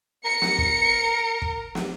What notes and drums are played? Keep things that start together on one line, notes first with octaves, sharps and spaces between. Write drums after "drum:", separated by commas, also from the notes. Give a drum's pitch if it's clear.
A#4 C#7
drum: snare
drum: kick
drum: kick
drum: snare